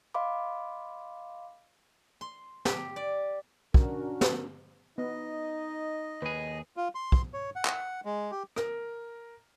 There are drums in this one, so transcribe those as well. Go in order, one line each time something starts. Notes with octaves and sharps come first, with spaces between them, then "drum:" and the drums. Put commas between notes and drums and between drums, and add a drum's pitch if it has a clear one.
D#5 F5 B5 C6 D6
C6
G4, drum: snare
D5
C#4 D4 F#4 A#4, drum: kick
drum: snare
B3 D#4 D#5
D#2 G#4 B4
F4
C6
drum: kick
C#5
F#5
drum: clap
G#3
G4
A#4, drum: rim click